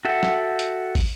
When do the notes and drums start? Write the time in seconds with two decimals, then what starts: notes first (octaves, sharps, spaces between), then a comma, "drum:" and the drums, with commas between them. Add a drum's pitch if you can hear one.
0.05 F#4 A4 E5 F#5 G5
0.23 drum: snare
0.59 drum: hi-hat
0.95 drum: kick, open hi-hat